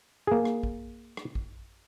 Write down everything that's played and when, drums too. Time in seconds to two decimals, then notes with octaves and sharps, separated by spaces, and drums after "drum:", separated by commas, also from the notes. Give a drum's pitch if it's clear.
0.27 A#3 G#4
0.45 drum: rim click
0.63 drum: kick A1
1.17 drum: rim click
1.35 drum: kick A1